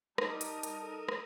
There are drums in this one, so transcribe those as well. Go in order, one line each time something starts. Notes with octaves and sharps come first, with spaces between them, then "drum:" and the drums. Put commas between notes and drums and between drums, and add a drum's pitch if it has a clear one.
G3 D#4 A#4 A5 D#6, drum: rim click
drum: hi-hat
drum: hi-hat
A4
drum: rim click